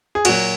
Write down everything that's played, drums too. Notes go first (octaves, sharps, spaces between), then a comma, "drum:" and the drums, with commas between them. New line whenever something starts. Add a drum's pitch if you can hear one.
G#4
A#2 F#3 F#4, drum: cymbal